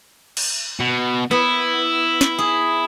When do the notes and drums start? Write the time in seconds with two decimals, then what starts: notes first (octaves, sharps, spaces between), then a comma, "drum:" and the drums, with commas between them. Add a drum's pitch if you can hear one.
0.37 drum: cymbal
0.80 B2
1.31 B3 E4
2.21 drum: snare
2.39 G#4